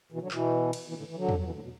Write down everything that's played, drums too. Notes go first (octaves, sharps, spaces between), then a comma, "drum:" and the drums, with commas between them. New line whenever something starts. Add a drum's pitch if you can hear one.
B2 E3
D3 F#3
B2 E3, drum: clap
drum: cymbal
B2 E3
A2 D3
E3
D3 F#3
drum: tom E2
F#3
B2 E3
A2 D3
B2